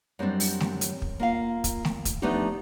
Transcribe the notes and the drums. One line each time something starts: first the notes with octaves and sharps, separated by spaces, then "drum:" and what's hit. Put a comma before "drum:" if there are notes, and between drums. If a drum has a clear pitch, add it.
F#2 G3 B3 C4 D4
drum: open hi-hat
drum: snare A3
drum: hi-hat
drum: kick
A#3 F4 F5
drum: kick, hi-hat
drum: snare A3
drum: kick, hi-hat
F3 A3 B3 D4 D#4 G4